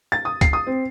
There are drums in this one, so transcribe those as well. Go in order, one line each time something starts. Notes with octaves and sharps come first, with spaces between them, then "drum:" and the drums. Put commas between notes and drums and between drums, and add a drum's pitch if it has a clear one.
A6
D#6
C7, drum: kick, hi-hat
D#6
C4